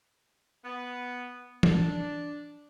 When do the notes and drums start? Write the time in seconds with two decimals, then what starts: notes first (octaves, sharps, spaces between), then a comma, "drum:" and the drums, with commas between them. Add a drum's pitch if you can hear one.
0.65 B3
1.63 D4, drum: tom E3